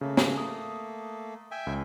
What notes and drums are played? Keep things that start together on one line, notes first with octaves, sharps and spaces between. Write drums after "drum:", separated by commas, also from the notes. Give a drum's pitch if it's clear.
C#3 A3 A#3
drum: snare
D#6
E5 G5 G#5
C#2